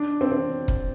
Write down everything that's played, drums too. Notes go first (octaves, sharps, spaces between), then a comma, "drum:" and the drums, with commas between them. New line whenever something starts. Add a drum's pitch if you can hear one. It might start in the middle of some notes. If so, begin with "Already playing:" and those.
Already playing: D4
C4
C4
drum: kick